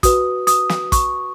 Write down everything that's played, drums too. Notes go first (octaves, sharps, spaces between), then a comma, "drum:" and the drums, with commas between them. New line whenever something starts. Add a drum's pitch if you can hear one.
F#4 B4 D#6, drum: kick, hi-hat
D#6, drum: hi-hat
drum: snare
C#6, drum: kick, hi-hat